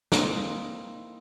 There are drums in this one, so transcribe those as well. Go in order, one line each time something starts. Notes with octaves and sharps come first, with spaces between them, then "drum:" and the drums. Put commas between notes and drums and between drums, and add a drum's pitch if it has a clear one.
A#3 C4 D#4 E4, drum: snare